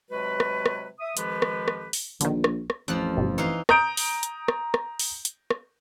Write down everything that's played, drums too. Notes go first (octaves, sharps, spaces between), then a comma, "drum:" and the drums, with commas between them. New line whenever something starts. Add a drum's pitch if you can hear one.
C3 F#3 G#3 F#4 B4
drum: rim click
drum: rim click
E5 D#6
F2 D#3 F3 G#3 G4 B4, drum: hi-hat
drum: rim click
drum: rim click
drum: open hi-hat
A#1 D3 D#3, drum: hi-hat
drum: rim click
drum: rim click
A1 F2 F3 F#6
G1 B2
E3 D#4 F5
A#5 D#6 G6 D7, drum: rim click
drum: open hi-hat
drum: hi-hat
drum: rim click
drum: rim click
drum: open hi-hat
drum: hi-hat
drum: rim click